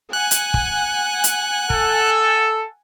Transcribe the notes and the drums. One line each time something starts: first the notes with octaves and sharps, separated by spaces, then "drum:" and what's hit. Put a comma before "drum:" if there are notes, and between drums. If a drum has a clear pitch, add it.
F#5 G#5 F#6
drum: hi-hat
drum: kick
drum: hi-hat
A4, drum: kick